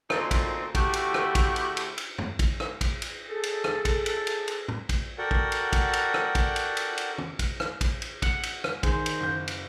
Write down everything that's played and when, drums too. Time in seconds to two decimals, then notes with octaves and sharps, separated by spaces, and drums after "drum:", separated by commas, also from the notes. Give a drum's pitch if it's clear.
0.10 D2 A#2 C4 D#4 F4 A4, drum: rim click
0.31 drum: kick, cymbal
0.75 D3 A3 E4 F#4 G4, drum: kick, cymbal
0.93 drum: cymbal
1.14 drum: rim click
1.35 drum: kick, cymbal
1.56 drum: cymbal
1.77 drum: cymbal
1.98 drum: cymbal
2.18 drum: tom
2.39 drum: kick, cymbal
2.60 drum: rim click
2.81 drum: kick, cymbal
3.02 drum: cymbal
3.29 G#4 A4
3.43 drum: cymbal
3.64 drum: rim click
3.85 drum: kick, cymbal
4.06 drum: cymbal
4.27 drum: cymbal
4.48 drum: cymbal
4.68 drum: tom
4.89 drum: kick, cymbal
5.18 F#4 A4 A#4 D5 F#5 G5
5.31 drum: kick
5.52 drum: cymbal
5.73 drum: kick, cymbal
5.93 drum: cymbal
6.14 drum: rim click
6.35 drum: kick, cymbal
6.56 drum: cymbal
6.77 drum: cymbal
6.98 drum: cymbal
7.18 drum: tom
7.39 drum: kick, cymbal
7.60 drum: rim click
7.81 drum: kick, cymbal
8.02 drum: cymbal
8.22 F#5, drum: kick, cymbal
8.43 drum: cymbal
8.64 drum: rim click
8.83 D#3 G#4 C5, drum: kick, cymbal
9.06 drum: cymbal
9.20 F#1 G6
9.48 drum: cymbal